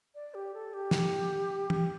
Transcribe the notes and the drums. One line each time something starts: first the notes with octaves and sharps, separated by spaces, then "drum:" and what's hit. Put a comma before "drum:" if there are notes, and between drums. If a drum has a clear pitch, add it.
D5
G4
A4
G4
drum: snare
G4, drum: tom